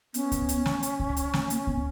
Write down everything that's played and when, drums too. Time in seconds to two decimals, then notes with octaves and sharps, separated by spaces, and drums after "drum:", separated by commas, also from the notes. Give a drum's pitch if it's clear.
0.14 B3 C#4, drum: hi-hat
0.32 drum: kick C#2, hi-hat
0.49 drum: hi-hat
0.66 drum: snare
0.83 drum: hi-hat
1.00 drum: kick C#2
1.17 drum: hi-hat
1.34 drum: snare
1.50 A#3, drum: hi-hat
1.67 B3, drum: kick C#2